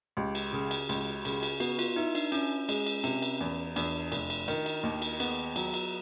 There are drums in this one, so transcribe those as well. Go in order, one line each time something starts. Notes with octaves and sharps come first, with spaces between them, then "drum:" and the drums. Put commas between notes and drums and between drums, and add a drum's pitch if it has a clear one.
C#2 G4
drum: cymbal
C#3
drum: cymbal
C#2, drum: cymbal
C#3, drum: cymbal
drum: cymbal
B3 F#4, drum: cymbal
F4, drum: cymbal
D#4 E4
D4, drum: cymbal
C#4 E4, drum: cymbal
G#3, drum: cymbal
drum: cymbal
C3, drum: cymbal
drum: cymbal
E2
E2 D4, drum: cymbal
F1, drum: cymbal
drum: cymbal
D#3, drum: cymbal
drum: cymbal
D#2
drum: cymbal
B3 G#4, drum: cymbal
F#3, drum: cymbal
drum: cymbal